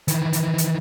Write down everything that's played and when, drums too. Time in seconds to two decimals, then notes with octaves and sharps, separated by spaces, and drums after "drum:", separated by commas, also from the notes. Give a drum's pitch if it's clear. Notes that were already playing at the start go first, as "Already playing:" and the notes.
0.08 D#3 E3, drum: hi-hat
0.33 drum: hi-hat
0.58 drum: hi-hat